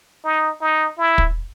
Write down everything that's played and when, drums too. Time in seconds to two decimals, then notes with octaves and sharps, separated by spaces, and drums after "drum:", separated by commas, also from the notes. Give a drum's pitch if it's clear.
0.24 D#4
0.61 D#4
0.98 E4
1.18 drum: kick